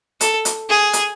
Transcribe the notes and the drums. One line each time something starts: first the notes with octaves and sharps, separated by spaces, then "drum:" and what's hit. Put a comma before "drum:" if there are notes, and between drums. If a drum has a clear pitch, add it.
A4, drum: hi-hat
drum: hi-hat
G#4
drum: hi-hat